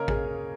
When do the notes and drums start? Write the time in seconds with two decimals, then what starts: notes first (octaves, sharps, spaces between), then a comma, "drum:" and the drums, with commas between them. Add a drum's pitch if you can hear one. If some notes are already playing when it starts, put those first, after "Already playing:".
Already playing: C#3 A#3 A#4 C#5 D#5
0.08 G#4, drum: kick A1